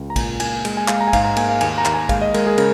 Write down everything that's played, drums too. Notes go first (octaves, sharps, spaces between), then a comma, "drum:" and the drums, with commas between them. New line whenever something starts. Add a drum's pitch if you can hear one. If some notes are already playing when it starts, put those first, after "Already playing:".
Already playing: C#2
A#5
A#2 G#5, drum: kick A1, cymbal
A#3 G#5, drum: cymbal
G#3, drum: cymbal
G#5
G#3 F5, drum: clap
A#5
G#5
G#2 F5, drum: kick A1, cymbal
A#5
A#3 G#5, drum: cymbal
F5
D#2 G#5, drum: cymbal
A#5
D#2, drum: clap
G#5
G#3 F5, drum: kick A1, cymbal
D#5
G#3 A#4, drum: cymbal
G#4
C#3 A#4, drum: cymbal